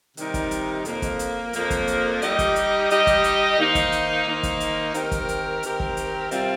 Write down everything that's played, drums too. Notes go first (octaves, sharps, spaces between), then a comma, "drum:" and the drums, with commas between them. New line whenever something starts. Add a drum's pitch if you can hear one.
C3 D#3 G3 D#4 A#4, drum: hi-hat
drum: kick, hi-hat
drum: hi-hat
F2 F3 A#3, drum: hi-hat
drum: kick, hi-hat
drum: hi-hat
F2 F3 A#3, drum: hi-hat
drum: kick, hi-hat
drum: hi-hat
G3 D#4 G4 D#5, drum: hi-hat
drum: kick, hi-hat
drum: hi-hat
G3 D#4 G4 D#5, drum: hi-hat
drum: kick, hi-hat
drum: hi-hat
D#3 A#3 D#4 C5
drum: kick, hi-hat
drum: hi-hat
D#3 A#3 D#4 C5
drum: kick, hi-hat
drum: hi-hat
D#3 C4 G4 A#4, drum: hi-hat
drum: kick, hi-hat
drum: hi-hat
D#3 C4 G4 A#4, drum: hi-hat
drum: kick
drum: hi-hat
C3 G3 C4 F4, drum: hi-hat